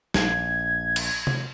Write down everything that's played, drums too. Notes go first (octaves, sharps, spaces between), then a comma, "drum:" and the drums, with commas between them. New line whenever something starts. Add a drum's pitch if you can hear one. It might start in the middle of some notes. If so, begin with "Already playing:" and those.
A#1 G#6, drum: snare
drum: cymbal
drum: tom C3